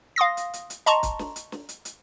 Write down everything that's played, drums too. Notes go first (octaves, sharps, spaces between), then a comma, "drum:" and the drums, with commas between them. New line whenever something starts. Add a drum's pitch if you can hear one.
F5 C6 D#6 A#6
drum: hi-hat
drum: hi-hat
drum: hi-hat
D#5 A5 A#5 C6 C#6, drum: hi-hat
drum: kick, hi-hat
drum: snare
drum: hi-hat
drum: snare
drum: hi-hat
drum: hi-hat